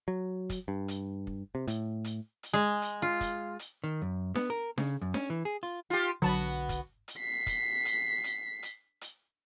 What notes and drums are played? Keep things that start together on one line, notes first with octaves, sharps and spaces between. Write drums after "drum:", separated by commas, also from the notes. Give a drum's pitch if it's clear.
F#3
drum: kick, hi-hat
G2
drum: hi-hat
drum: kick
C3
A2, drum: hi-hat
drum: hi-hat
drum: hi-hat
G#3
drum: hi-hat
F4
drum: kick, hi-hat
drum: hi-hat
D#3
F#2
B3, drum: snare D4
A#4
C#3, drum: snare D4
F#2
C#4, drum: snare D4
E3
G#4
F4
F4 G4, drum: hi-hat
B1 D3 F#3 B3 F#4 A5 B5
drum: kick, hi-hat
drum: hi-hat
B6 C7
drum: kick, hi-hat
drum: hi-hat
drum: hi-hat
drum: hi-hat
drum: hi-hat